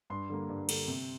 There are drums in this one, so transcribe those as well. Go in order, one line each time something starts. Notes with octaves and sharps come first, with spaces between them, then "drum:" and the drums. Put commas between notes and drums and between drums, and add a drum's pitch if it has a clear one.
G2 C6
D3 G3 A#3
G2
D3 G3 A#3, drum: cymbal
C3